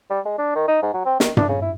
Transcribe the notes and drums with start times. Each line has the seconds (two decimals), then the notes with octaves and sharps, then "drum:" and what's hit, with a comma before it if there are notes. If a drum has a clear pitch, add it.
0.10 G3
0.25 G#3
0.38 D4
0.55 D#3
0.68 D#4
0.82 G#2
0.94 F#3
1.06 C4
1.20 D#3, drum: snare
1.37 D4, drum: tom G2
1.49 C#3
1.62 E4